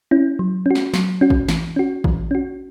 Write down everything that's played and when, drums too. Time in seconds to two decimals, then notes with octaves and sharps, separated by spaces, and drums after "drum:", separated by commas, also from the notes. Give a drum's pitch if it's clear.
0.11 C#4 E4
0.39 F#3
0.66 C#4 F#4
0.75 drum: snare
0.94 F#3, drum: snare
1.21 C#4 F#4
1.30 drum: kick A1
1.48 E3, drum: snare
1.76 C#4 F#4
2.04 E3, drum: kick A1
2.31 C#4 F#4